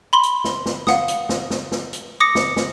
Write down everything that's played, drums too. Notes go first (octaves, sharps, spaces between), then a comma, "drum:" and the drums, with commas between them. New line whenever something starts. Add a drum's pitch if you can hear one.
B5 C6 G7
drum: hi-hat
drum: snare
drum: snare
F5 F#5 D#6, drum: snare
drum: hi-hat
drum: snare
drum: snare
drum: snare
drum: hi-hat
D6 D#6 A#6 C#7
drum: snare
drum: snare